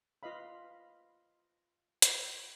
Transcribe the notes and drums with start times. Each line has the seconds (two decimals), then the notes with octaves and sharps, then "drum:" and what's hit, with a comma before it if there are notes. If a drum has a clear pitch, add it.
0.23 F4 B4 D#5 F5 B5
2.02 drum: hi-hat